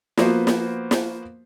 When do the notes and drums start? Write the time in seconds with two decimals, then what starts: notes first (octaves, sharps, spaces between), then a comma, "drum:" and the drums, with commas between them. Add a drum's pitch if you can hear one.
0.17 F3 A#3 B3 F#4 B4 C5, drum: snare
0.47 drum: snare
0.91 drum: snare